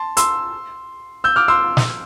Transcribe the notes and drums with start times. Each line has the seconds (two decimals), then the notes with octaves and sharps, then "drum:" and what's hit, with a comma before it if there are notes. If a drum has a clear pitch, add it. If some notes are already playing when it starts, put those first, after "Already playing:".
Already playing: A5 C6
0.17 C6 E6, drum: hi-hat
1.24 E6 G6
1.36 D6 F6
1.48 C6 E6
1.77 drum: snare